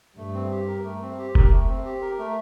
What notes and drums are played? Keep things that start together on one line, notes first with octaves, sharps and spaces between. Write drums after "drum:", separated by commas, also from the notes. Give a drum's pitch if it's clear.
G2 A3
C4
G4
A#4
A3
C4
G4
A#4, drum: kick
A3
C4
G4
A#4
A3